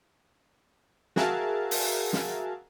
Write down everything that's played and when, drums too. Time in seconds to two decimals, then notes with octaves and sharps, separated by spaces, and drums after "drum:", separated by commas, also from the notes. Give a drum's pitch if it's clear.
1.16 F#4 G#4 A#4 E5 F5 A5, drum: snare
1.71 drum: open hi-hat
2.13 drum: snare